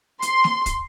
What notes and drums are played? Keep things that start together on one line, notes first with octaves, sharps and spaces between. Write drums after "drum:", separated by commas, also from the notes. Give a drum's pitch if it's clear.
C6, drum: hi-hat
drum: snare
drum: kick, hi-hat